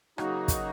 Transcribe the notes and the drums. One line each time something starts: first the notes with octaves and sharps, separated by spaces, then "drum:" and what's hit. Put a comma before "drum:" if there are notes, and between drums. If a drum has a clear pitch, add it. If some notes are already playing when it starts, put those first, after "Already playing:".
C#3 F#3 A#3 D#4 F#4, drum: rim click
drum: kick, hi-hat